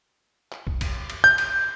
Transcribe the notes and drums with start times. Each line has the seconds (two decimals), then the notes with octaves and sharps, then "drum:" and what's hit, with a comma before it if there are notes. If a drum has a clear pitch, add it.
0.52 drum: clap
0.67 drum: kick
0.81 drum: kick, cymbal
1.10 drum: cymbal
1.24 G6
1.38 drum: cymbal